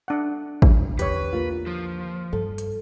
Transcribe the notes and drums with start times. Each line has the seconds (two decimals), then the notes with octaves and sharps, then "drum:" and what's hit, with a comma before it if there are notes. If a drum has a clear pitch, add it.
0.08 D4 F#5
0.62 drum: kick A1
0.99 E2 D3 G4 B4 C#5, drum: hi-hat
1.33 A#3 F4
1.66 F3
2.33 G2 A4
2.58 drum: hi-hat